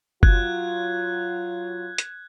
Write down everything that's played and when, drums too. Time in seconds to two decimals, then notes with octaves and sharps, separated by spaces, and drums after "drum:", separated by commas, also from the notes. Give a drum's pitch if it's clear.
0.23 F#3 F4 F#6 G#6, drum: kick F#1
1.98 drum: hi-hat